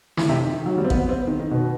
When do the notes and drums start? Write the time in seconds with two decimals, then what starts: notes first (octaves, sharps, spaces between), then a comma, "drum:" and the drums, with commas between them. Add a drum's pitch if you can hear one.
0.17 E3, drum: snare
0.29 C3
0.42 D#3
0.54 D#3
0.66 F#3
0.78 G3
0.84 C4
0.90 B3, drum: kick
1.09 C4
1.27 D#3
1.39 D#3
1.51 B2